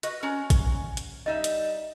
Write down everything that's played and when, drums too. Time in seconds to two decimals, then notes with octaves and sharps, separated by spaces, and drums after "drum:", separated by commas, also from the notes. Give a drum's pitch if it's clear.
0.03 F#4 B4 D#5, drum: hi-hat
0.23 C#4 F#4 A#5
0.50 drum: kick, hi-hat
0.97 drum: hi-hat
1.26 G3 D#4 D#5 E5
1.44 drum: hi-hat